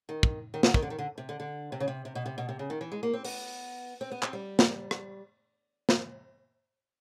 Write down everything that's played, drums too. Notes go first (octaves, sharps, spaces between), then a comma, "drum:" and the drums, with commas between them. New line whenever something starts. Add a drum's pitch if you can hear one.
D#3
drum: kick
D#3
D3, drum: snare
D#3, drum: kick
D3
D#3
D3
C3
D3
D3
C3
C#3
C3
C3
B2
C3
B2
C3
C#3
D#3
E3
G#3
A#3
C4
B3, drum: open hi-hat
C4
B3
C4, drum: clap
G3
drum: snare
drum: rim click
drum: snare